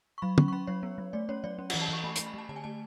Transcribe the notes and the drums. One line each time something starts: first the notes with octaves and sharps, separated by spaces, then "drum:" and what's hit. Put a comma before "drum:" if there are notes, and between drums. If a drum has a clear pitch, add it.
C#6
F#3 B5
C#4 C#6, drum: tom
C#6
C#4 B5
F#3 C#5
B3
F#3
A3 D5
C#4 C#5
F#3 D5
C#4
F#5, drum: cymbal
E3
A5
E3 C#6
A3 B5
C#6, drum: hi-hat
A3
B5
A3 A5
D3 A5
G#5
A3 A5